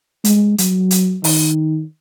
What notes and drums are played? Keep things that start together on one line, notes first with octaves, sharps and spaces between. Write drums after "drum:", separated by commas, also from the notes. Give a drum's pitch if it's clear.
G#3, drum: hi-hat
F#3, drum: hi-hat
drum: hi-hat
D#3, drum: open hi-hat